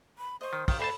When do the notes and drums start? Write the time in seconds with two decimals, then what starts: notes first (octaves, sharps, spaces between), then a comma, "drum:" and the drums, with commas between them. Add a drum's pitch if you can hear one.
0.18 B5
0.41 C5 D#5 C#6
0.53 D#3
0.68 D#3 G4 F5 G5, drum: kick, open hi-hat
0.79 D2 A4 C5 C#5 A5 B5 D6